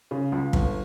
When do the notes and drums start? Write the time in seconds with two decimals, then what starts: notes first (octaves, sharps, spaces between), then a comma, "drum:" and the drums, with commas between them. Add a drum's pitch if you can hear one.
0.11 C#3
0.32 C#2
0.53 G1, drum: kick